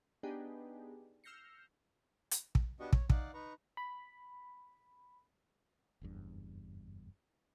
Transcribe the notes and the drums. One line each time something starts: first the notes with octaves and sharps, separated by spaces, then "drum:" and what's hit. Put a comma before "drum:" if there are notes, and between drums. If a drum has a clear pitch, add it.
B3 D4 D#4 G4 G#4
E6 F6 G6 A#6 C7 C#7
drum: hi-hat
drum: kick
B3 D4 F#4 G4 D#5 C#6
C#5, drum: kick
D#4 D5 F5 F#5, drum: kick
D#4 B4 A#5 C#6
B5
F#1 E2 G2